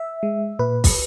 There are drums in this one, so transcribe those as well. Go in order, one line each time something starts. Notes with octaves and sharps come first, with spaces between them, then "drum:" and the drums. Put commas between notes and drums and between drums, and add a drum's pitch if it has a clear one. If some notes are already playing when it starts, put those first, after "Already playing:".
Already playing: E5
G#3
A#2 B4
drum: kick, open hi-hat